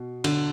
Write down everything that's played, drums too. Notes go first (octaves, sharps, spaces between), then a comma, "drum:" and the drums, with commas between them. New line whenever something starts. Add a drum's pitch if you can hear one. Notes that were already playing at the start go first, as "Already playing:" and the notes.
Already playing: B2
D3, drum: cymbal